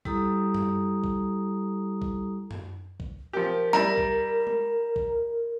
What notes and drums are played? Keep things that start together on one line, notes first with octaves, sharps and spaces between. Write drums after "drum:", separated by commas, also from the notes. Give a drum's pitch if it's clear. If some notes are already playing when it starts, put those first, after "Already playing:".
G3 E4 G4 A4 A#5 D#6, drum: kick B1
drum: tom F#2
drum: kick B1
drum: kick B1
drum: tom F#2
drum: kick B1
F3 G4 A#4
G3 E4 D5 A#5
drum: kick B1
drum: tom G#3
drum: kick B1